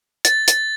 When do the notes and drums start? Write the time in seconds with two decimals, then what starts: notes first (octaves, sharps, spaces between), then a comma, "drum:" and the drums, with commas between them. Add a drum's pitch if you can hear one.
0.25 A6, drum: hi-hat
0.48 A6, drum: hi-hat